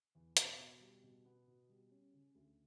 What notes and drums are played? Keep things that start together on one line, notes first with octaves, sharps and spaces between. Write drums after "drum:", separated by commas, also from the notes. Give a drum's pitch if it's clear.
E2
B2, drum: hi-hat
B2
G3
B2
B3
B2
G3
C#4
C#3
D2